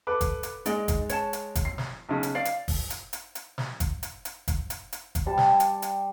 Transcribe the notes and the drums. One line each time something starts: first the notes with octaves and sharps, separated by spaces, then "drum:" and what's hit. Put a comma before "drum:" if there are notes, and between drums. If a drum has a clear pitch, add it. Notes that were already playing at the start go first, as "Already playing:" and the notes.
A4 B4 D6
drum: kick, hi-hat
drum: hi-hat
G#3 D#4 D5 D#5, drum: hi-hat
drum: kick, hi-hat
C#5 A5, drum: hi-hat
drum: hi-hat
drum: kick, hi-hat
C7
drum: snare
B1 C#3
drum: hi-hat
D5 F5 C7
drum: hi-hat
drum: kick, open hi-hat
drum: hi-hat
drum: hi-hat
drum: hi-hat
drum: snare
drum: kick, hi-hat
drum: hi-hat
drum: hi-hat
drum: kick, hi-hat
drum: hi-hat
drum: hi-hat
drum: kick, hi-hat
G3 A5
drum: snare
drum: hi-hat
drum: hi-hat